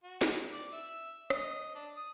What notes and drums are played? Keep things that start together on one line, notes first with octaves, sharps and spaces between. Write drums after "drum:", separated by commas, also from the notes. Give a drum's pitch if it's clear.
F#4
drum: snare
D5
E5
D#5, drum: rim click
D4
D#6